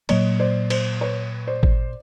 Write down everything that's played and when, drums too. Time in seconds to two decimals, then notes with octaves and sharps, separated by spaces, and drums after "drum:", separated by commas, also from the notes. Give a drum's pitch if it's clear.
0.09 A#2 F#3 A#3 C#5 D#5, drum: cymbal
0.40 C5 D5
0.70 C5, drum: cymbal
1.01 B4 C#5
1.47 C5 D5
1.63 drum: kick G#1